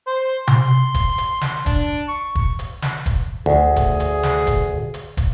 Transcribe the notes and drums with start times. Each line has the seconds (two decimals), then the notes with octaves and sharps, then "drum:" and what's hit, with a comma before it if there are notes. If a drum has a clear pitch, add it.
0.08 C5
0.47 C6, drum: tom C3
0.94 drum: kick, hi-hat
1.18 drum: hi-hat
1.41 drum: snare
1.66 D4, drum: kick, hi-hat
2.09 C#6
2.35 drum: kick
2.59 drum: hi-hat
2.82 drum: snare
3.06 drum: kick, hi-hat
3.46 D2 G#4
3.76 drum: kick, hi-hat
4.00 drum: hi-hat
4.23 drum: snare
4.47 drum: kick, hi-hat
4.94 drum: hi-hat
5.17 drum: kick, hi-hat